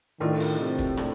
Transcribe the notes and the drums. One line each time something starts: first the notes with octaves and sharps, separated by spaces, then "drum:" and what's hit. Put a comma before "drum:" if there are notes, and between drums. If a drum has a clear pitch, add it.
A2 D#3 A3 D4 F4 A#4
drum: open hi-hat
C3
drum: kick, hi-hat
A2 A3 D4, drum: rim click